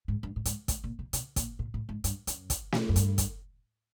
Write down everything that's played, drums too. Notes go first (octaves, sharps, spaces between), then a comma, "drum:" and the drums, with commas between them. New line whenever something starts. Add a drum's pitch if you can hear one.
G#2
G2
A2
G#2, drum: hi-hat
A2, drum: kick, hi-hat
A#2
B2
B2, drum: hi-hat
A#2, drum: kick, hi-hat
A#2
A2
G#2
G2, drum: hi-hat
F#2, drum: hi-hat
drum: kick, hi-hat
drum: snare
F#2
G2, drum: hi-hat
drum: kick, hi-hat